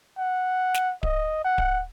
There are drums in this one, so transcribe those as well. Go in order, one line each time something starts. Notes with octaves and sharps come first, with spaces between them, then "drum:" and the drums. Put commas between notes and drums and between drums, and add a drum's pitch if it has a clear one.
F#5
drum: snare
D#5, drum: kick D1
F#5
drum: kick D1